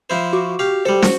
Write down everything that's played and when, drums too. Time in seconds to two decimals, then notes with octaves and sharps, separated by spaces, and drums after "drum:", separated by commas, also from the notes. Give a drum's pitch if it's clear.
0.10 F3 E4 C5
0.33 F#4 C#6 D6
0.59 G4 F5
0.85 G3 A4 C5
1.02 F#4, drum: snare